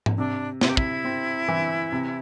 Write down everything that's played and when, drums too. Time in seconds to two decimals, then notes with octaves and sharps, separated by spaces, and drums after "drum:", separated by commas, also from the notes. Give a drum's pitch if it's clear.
0.06 drum: tom G#2
0.18 C3 D4
0.61 C3 E4, drum: snare
0.69 G4
0.77 E4, drum: kick
1.05 C4
1.48 E3
1.92 C3